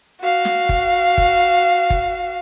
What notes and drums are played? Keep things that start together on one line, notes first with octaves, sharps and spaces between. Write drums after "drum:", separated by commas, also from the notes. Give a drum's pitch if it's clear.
F#4 F5
drum: snare
drum: kick
drum: kick
drum: kick